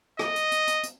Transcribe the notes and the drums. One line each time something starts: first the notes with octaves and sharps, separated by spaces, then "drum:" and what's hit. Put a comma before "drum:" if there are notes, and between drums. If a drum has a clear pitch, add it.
D#5, drum: rim click
drum: hi-hat
drum: hi-hat
drum: hi-hat
drum: hi-hat